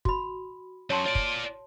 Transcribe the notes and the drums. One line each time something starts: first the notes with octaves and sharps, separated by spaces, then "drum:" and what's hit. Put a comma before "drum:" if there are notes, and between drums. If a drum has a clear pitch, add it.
F#4 B5, drum: kick
F#2 F#3 C#5 A5 C6
F4 C#5 D5
drum: kick